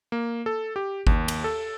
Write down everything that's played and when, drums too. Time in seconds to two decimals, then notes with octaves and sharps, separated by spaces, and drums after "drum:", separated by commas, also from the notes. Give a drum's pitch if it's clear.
0.12 A#3
0.46 A4
0.76 G4
1.07 D#2, drum: kick G1
1.28 drum: cymbal
1.44 A4